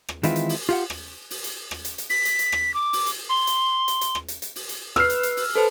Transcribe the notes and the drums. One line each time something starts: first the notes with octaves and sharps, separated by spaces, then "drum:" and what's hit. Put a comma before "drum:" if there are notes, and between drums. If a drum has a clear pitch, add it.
drum: rim click
D#3 E3 G#3 C4 E4 F4, drum: hi-hat
drum: hi-hat
drum: open hi-hat
F4 G4 F5 F#5
drum: rim click
drum: open hi-hat
drum: hi-hat
drum: rim click
drum: hi-hat
drum: hi-hat
B6, drum: open hi-hat
drum: hi-hat
drum: hi-hat
drum: rim click
D6
drum: open hi-hat
drum: hi-hat
C6
drum: hi-hat
drum: hi-hat
drum: hi-hat
drum: rim click
drum: hi-hat
drum: hi-hat
drum: open hi-hat
drum: hi-hat
B4 E6 F6 C7, drum: rim click
drum: hi-hat
drum: hi-hat
drum: open hi-hat
A4 B4 C5 A5